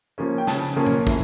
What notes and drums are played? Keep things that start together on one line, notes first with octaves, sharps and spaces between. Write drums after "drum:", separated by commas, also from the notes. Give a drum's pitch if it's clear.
F3 A#3 C#4
G5
C#3 A5, drum: snare
F3 A#3 C#4
drum: tom A2
E3, drum: kick